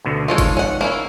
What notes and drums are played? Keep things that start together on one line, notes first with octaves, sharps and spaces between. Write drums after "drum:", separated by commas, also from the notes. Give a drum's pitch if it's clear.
D2 B2 D3
D#3 F3 G#3 F4 A4 C#5
drum: kick G1, hi-hat
C#4 F#5
A#3 C#4 E4